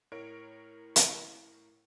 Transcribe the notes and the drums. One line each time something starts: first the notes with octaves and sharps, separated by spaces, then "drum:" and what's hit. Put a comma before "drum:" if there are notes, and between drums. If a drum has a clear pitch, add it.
A2 A#4 C#5 D7
drum: hi-hat